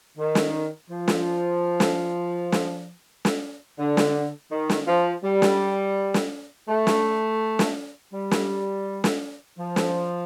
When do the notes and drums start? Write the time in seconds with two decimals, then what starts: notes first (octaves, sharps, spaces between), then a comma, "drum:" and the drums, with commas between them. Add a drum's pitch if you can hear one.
0.17 D#3
0.35 drum: snare
0.90 F3
1.08 drum: snare
1.80 drum: snare
2.52 drum: snare
3.25 drum: snare
3.79 D3
3.97 drum: snare
4.52 D#3
4.70 drum: snare
4.87 F3
5.24 G3
5.42 drum: snare
6.14 drum: snare
6.69 A3
6.87 drum: snare
7.59 drum: snare
8.13 G3
8.31 drum: snare
9.04 drum: snare
9.58 F3
9.76 drum: snare